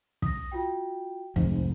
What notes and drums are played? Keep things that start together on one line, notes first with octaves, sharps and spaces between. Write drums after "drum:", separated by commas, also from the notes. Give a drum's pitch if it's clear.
D#6 A#6, drum: kick
F4 F#4 G5
F1 G#2 C5, drum: kick